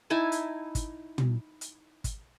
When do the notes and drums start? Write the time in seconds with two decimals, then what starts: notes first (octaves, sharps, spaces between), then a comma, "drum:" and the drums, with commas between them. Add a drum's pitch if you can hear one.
0.10 D#4 E4 G#5 A5
0.32 drum: hi-hat
0.75 drum: kick, hi-hat
1.18 drum: tom
1.61 drum: hi-hat
2.04 drum: kick, hi-hat